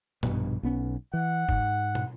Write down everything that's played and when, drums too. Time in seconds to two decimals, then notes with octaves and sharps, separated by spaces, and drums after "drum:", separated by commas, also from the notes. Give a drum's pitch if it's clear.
0.23 A#1 G2 B2, drum: tom F#2
0.63 B1 B3 C#4
1.14 E3 F#5
1.49 G#2, drum: kick F#1
1.95 drum: tom